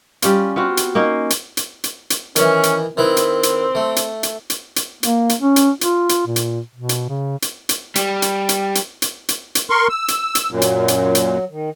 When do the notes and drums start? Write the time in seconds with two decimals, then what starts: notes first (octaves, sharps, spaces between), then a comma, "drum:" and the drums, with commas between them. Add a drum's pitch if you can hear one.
0.22 G3 C#4 F4, drum: hi-hat
0.56 B3 C4 F4 F#4
0.77 drum: hi-hat
0.95 A#3 C#4 D#4
1.30 drum: hi-hat
1.57 drum: hi-hat
1.84 drum: hi-hat
2.10 drum: hi-hat
2.36 D#3 E3 C#4, drum: hi-hat
2.63 drum: hi-hat
2.97 D#3 C4 E4 B4
3.17 drum: hi-hat
3.43 drum: hi-hat
3.75 A3
3.96 drum: hi-hat
4.23 drum: hi-hat
4.50 drum: hi-hat
4.76 drum: hi-hat
5.03 A#3, drum: hi-hat
5.29 drum: hi-hat
5.41 C#4
5.56 drum: hi-hat
5.81 F4, drum: hi-hat
6.09 drum: hi-hat
6.27 A#2
6.36 drum: hi-hat
6.75 B2
6.89 drum: hi-hat
7.09 C#3
7.42 drum: hi-hat
7.69 drum: hi-hat
7.95 G3, drum: hi-hat
8.22 drum: hi-hat
8.49 drum: hi-hat
8.75 drum: hi-hat
9.02 drum: hi-hat
9.29 drum: hi-hat
9.55 drum: hi-hat
9.70 A#4 C6 C#6
9.89 E6
10.08 drum: hi-hat
10.35 drum: hi-hat
10.51 F#2 A#2 F#3
10.62 drum: hi-hat
10.88 drum: hi-hat
11.15 drum: hi-hat
11.49 D#3